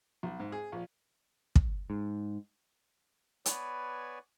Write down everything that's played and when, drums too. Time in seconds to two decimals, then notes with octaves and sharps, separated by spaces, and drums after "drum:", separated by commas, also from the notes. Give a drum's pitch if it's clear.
0.23 B1
0.40 G#2
0.52 G#4
0.72 A#1
1.56 drum: kick
1.90 G#2
3.46 B3 B4 C#5 D5 G#5, drum: hi-hat